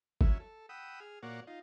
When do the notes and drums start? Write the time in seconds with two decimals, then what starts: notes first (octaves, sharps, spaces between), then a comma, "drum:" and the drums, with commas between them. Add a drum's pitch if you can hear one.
0.21 F#3 C#4 E4 E5, drum: kick
0.40 A4
0.69 F#5 G5 B5 D#6 E6
1.00 G#4 F6
1.23 A#2 A#3 F#4 C#5 D5 F#5
1.47 D#4 F4